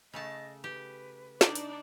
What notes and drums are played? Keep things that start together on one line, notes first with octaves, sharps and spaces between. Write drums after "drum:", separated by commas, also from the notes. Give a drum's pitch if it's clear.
C#3 A3 D#5 A5
G4 B4
D4 D#4 D5, drum: snare
drum: hi-hat